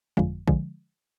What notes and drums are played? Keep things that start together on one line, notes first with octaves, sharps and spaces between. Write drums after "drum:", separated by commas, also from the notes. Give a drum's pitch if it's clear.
G1 F2 D3 F3 G#3
D3 F3 G#3, drum: kick A#1